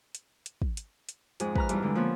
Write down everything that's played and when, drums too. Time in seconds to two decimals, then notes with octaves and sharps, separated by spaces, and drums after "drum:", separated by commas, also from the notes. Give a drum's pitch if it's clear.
0.15 drum: hi-hat
0.46 drum: hi-hat
0.62 drum: kick
0.77 drum: hi-hat
1.09 drum: hi-hat
1.40 F2 G#2 G#4, drum: hi-hat
1.56 B4 A#5 F6, drum: kick
1.69 E2 G2, drum: hi-hat
1.83 D3 G#3
1.95 F3 A#3 B3 C#4